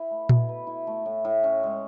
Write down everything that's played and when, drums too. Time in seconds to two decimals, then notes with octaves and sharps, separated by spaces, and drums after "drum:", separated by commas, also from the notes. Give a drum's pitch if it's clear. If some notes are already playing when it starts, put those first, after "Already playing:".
Already playing: E4 B4
0.11 A3
0.29 B2, drum: tom A#2
0.49 B4
0.67 E4
0.87 A3
1.06 A2
1.25 A2
1.44 C#4
1.63 G#3